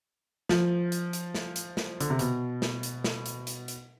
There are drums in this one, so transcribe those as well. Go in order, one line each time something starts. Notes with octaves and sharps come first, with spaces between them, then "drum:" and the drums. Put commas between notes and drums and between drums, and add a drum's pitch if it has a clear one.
F3, drum: snare
drum: hi-hat
drum: hi-hat
drum: snare
drum: hi-hat
drum: snare
D3, drum: hi-hat
C3
B2, drum: hi-hat
drum: snare
drum: hi-hat
drum: snare
drum: hi-hat
drum: hi-hat
drum: hi-hat